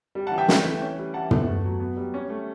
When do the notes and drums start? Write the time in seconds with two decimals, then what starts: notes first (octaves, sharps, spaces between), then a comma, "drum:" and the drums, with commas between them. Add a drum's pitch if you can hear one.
0.15 G3
0.27 F#5 A5
0.32 E3
0.38 E5 G5
0.48 A3, drum: snare
0.65 E3
0.82 C#4
0.98 G3
1.14 E3 F#5 A5
1.31 B3, drum: tom
1.47 A3
1.65 F#3
1.80 B3
1.97 G3
2.14 C#4
2.29 A3